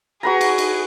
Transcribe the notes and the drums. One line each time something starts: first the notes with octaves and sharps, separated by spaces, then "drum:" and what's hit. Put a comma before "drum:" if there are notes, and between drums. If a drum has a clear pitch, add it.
F#4 G#4 B4 A#5
drum: cymbal
drum: cymbal